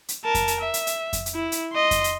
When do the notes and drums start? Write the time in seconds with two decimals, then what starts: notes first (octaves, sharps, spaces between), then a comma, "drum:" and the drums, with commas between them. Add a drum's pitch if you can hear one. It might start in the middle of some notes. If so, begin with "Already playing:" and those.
0.08 drum: hi-hat
0.25 A#4 A5
0.35 drum: kick F2, hi-hat
0.48 drum: hi-hat
0.61 E5
0.74 drum: hi-hat
0.87 drum: hi-hat
1.13 drum: kick F2, hi-hat
1.26 drum: hi-hat
1.35 E4
1.52 drum: hi-hat
1.73 D#5 C6
1.91 drum: kick F2, hi-hat
2.04 drum: hi-hat